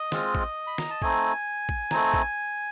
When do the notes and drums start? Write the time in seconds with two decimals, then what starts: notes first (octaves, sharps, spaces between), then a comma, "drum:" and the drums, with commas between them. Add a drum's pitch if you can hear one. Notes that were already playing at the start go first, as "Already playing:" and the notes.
Already playing: D#5
0.12 G#3 C4 F4, drum: snare
0.35 drum: kick A1
0.67 B5
0.78 A#5, drum: snare
0.90 A5
1.02 A3 C4 D#4 G#5, drum: kick A1
1.69 drum: kick A1
1.91 A3 C4 D#4, drum: snare
2.14 drum: kick A1